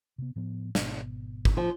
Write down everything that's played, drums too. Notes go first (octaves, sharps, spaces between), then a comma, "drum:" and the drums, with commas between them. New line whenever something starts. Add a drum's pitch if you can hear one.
C3 B3
A2 F3 B3
G#1 B2, drum: snare
drum: kick
F3